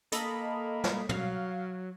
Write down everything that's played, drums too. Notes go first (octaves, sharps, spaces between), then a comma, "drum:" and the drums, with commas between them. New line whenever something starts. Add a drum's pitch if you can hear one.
A#3 A4 D#5 B5, drum: hi-hat
drum: snare
F#3 F5, drum: tom